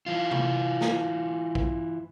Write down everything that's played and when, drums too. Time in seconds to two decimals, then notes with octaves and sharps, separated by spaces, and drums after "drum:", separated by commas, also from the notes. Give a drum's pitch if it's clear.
0.06 E3 F4
0.31 drum: tom C3
0.81 drum: snare
1.55 drum: kick